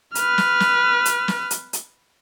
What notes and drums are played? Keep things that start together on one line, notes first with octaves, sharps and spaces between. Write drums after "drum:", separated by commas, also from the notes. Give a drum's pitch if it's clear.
B4 F6, drum: hi-hat
drum: snare
drum: snare
drum: hi-hat
drum: snare
drum: hi-hat
drum: hi-hat